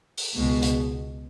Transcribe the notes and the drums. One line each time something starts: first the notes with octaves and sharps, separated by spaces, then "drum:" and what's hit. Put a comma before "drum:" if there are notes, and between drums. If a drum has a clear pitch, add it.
drum: open hi-hat
C#2 B2 G#3
drum: hi-hat